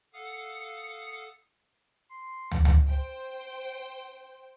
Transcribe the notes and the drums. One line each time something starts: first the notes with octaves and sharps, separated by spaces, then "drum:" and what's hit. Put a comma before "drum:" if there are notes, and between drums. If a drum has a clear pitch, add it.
A4 F5 F#5 D#6
C6
drum: tom
drum: tom
C5 G5